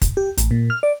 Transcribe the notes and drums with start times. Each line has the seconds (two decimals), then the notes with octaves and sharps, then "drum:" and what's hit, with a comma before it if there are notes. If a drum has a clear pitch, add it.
0.02 drum: kick, hi-hat
0.17 G4
0.38 A1, drum: hi-hat
0.51 A#2
0.70 F6
0.83 D5